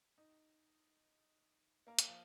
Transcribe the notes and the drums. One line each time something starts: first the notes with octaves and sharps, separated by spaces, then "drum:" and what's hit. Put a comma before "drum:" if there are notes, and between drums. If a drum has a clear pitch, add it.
D#4
A#3 A#4
drum: hi-hat
F3 F4